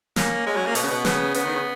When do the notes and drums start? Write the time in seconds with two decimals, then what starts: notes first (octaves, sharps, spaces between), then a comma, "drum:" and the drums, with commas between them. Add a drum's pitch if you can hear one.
0.16 A#3 C#4, drum: snare
0.46 G#3 C#4
0.56 F#3
0.66 A#3
0.75 B2 B3, drum: open hi-hat
0.83 C#3
0.90 B2
1.05 C#3 B3, drum: snare
1.34 C#3 B3, drum: hi-hat
1.45 D#3
1.54 C#3